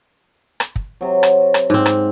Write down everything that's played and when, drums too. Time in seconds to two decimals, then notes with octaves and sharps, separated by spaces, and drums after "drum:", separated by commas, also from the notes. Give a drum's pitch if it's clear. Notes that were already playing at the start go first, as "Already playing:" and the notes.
0.60 drum: rim click
0.76 drum: kick
1.01 C3 F#3
1.23 drum: rim click
1.54 drum: rim click
1.70 G#2 C4
1.86 drum: rim click